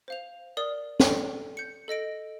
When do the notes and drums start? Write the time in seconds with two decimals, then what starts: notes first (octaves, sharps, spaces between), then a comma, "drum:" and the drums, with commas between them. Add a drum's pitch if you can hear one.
0.08 C5 F5 F7
0.57 A#4 D5 D#6 G7
1.00 A4 D5 G5 D#7, drum: snare
1.57 G6 C#7
1.88 A4 D#5 A#6 D7